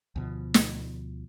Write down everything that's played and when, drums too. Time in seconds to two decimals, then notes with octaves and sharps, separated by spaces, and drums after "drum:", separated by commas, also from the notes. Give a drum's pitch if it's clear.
0.16 D2 B2 F3
0.54 drum: snare